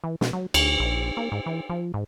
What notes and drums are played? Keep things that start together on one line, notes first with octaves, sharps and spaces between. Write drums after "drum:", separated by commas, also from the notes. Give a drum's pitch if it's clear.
E3
B2, drum: snare
F#3
D2, drum: cymbal
A#1
A#3
G#2
E3
F3
G#2